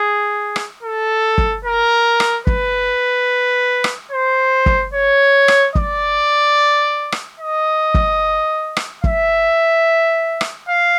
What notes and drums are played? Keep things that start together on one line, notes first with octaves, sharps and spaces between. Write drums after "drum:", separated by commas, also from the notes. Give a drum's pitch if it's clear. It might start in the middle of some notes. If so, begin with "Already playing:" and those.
Already playing: G#4
drum: rim click
A4
drum: kick
A#4
drum: rim click
B4, drum: kick
drum: rim click
C5
drum: kick
C#5
drum: rim click
D5, drum: kick
drum: rim click
D#5
drum: kick
drum: rim click
E5, drum: kick
drum: rim click
F5